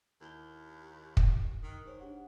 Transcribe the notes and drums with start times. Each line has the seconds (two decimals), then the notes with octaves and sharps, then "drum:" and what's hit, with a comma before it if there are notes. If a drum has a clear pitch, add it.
0.22 D#2 E4 G7
1.17 drum: kick
1.63 D#3 D#6 F#6
1.85 G#2 D#4 C5 C#5
2.00 D4 G4 F#5